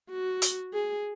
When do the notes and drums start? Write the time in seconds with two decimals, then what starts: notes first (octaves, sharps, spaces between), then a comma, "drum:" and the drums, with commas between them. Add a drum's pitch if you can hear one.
0.10 F#4
0.42 drum: hi-hat
0.73 G#4